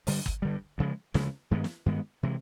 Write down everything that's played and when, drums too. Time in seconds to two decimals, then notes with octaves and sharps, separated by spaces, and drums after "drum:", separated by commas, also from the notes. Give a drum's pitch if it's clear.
0.07 G2 D3 G3, drum: open hi-hat
0.26 drum: kick
0.42 G2 D3 G3
0.78 D2 C#3 F3 G#3
1.14 D2 C#3 F3 G#3, drum: snare
1.51 G2 D#3 G#3 B3
1.64 drum: snare
1.86 G2 D#3 G#3 B3
2.23 C3 E3 G#3